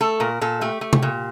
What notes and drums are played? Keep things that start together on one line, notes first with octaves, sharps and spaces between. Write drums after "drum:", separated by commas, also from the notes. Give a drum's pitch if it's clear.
A3 A4
A#2 A#4
A#2 A4
A3 G4
A3
drum: tom C3
A#2